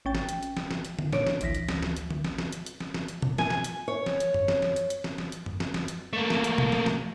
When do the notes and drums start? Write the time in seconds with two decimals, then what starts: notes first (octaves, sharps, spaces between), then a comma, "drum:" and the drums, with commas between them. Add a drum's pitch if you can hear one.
0.05 A1 C#4 G5 A6
0.15 drum: snare
0.29 drum: hi-hat
0.43 drum: hi-hat
0.57 drum: snare
0.71 drum: snare
0.85 drum: hi-hat
0.99 drum: tom D3
1.13 A#2 D4 C#5 D7, drum: snare
1.27 drum: snare
1.41 A1 D2 E3 A#6 B6, drum: hi-hat
1.55 drum: hi-hat
1.69 drum: snare
1.83 drum: snare
1.97 drum: hi-hat
2.11 drum: tom D3
2.24 drum: snare
2.38 drum: snare
2.52 drum: hi-hat
2.66 drum: hi-hat
2.80 drum: snare
2.94 drum: snare
3.08 drum: hi-hat
3.22 drum: tom B2
3.38 G#5, drum: snare
3.50 drum: snare
3.64 drum: hi-hat
3.88 C#5
4.06 drum: snare
4.20 drum: hi-hat
4.34 drum: tom F#2
4.48 drum: snare
4.62 drum: snare
4.76 drum: hi-hat
4.90 drum: hi-hat
5.04 drum: snare
5.18 drum: snare
5.32 drum: hi-hat
5.46 drum: tom F#2
5.60 drum: snare
5.74 drum: snare
5.88 drum: hi-hat
6.13 A3 A#3
6.30 drum: snare
6.44 drum: hi-hat
6.58 drum: tom B2
6.72 drum: snare
6.86 drum: snare